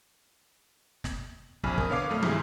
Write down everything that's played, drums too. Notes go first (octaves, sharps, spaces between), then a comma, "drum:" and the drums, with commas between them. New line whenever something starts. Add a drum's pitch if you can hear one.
drum: snare
A#1 F2 G#5 B5 F6, drum: kick
A#4 D#6, drum: kick
D3 B3 C#5 F5 D6 C7
B1 F2 A3 F6
C2 G#2 E4 G4 G#4 C6, drum: tom